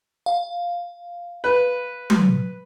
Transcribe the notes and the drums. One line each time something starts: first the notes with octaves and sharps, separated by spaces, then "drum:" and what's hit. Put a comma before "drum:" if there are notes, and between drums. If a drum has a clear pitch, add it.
F5
B4
drum: tom F#3